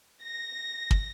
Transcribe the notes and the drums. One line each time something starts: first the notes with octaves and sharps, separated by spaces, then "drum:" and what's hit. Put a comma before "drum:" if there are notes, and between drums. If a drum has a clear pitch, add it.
A#6
drum: kick